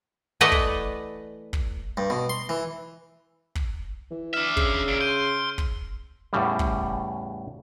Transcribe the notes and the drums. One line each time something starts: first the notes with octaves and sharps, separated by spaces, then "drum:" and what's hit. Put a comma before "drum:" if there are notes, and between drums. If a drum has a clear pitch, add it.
E3 A3 B4 D5 D#5 F#5
drum: kick
drum: kick
G2
B2
C6
E3
drum: kick
E3
D4 E5 F6
C#3 E6 C7, drum: kick
A#2 D7
C6 G6 D#7
drum: kick
E2 A2 C#3 G3
drum: kick